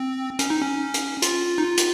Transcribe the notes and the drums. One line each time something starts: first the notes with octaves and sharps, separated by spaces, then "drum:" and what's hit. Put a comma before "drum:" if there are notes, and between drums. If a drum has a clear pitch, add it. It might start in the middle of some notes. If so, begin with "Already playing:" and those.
Already playing: C4
C#4, drum: hi-hat
D#4
C#4
drum: hi-hat
F4, drum: hi-hat
D#4
F4
drum: hi-hat